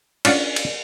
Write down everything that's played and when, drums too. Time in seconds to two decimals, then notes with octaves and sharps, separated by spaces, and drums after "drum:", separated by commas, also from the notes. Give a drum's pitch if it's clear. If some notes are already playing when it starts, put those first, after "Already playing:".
0.25 C#4 D4 F4 D5 F#5, drum: cymbal
0.56 drum: cymbal